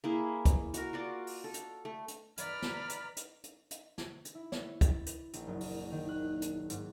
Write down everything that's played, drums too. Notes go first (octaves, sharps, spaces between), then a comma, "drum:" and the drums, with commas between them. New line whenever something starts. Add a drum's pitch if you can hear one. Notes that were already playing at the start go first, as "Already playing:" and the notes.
A#3 E4 G#4
drum: kick, hi-hat
F#4 A#4, drum: hi-hat
F4 F#4 D5
drum: open hi-hat
A4
drum: hi-hat
A3
drum: hi-hat
B4 D5 A#5 B5 F6, drum: hi-hat
drum: snare
drum: hi-hat
drum: hi-hat
drum: hi-hat
drum: hi-hat
drum: snare
drum: hi-hat
E4
drum: snare
A6, drum: kick, hi-hat
drum: hi-hat
A#1, drum: hi-hat
F#1
drum: open hi-hat
D#3
F#6
drum: hi-hat
G#2, drum: hi-hat